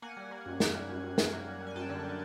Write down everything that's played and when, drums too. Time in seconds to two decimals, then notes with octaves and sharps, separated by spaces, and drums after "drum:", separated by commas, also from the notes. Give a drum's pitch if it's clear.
0.02 A#3 F#5 G#5
0.17 G3
0.31 A#3
0.46 F#2
0.60 A#3, drum: snare
0.75 G3
0.89 F#2
1.04 F#2
1.18 A#3, drum: snare
1.33 A#3
1.47 G3
1.61 G3
1.67 G#5
1.76 F#2 G5 A5
1.90 D3
2.05 G3